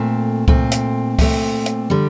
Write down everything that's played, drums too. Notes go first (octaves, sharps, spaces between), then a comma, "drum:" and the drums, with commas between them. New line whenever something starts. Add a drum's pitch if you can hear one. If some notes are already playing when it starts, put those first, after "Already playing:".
Already playing: A#2 A3 C4
A#2 A3 C4, drum: kick C#2
drum: hi-hat
A#2 A3 C4, drum: kick C#2, open hi-hat
drum: hi-hat
D3 G3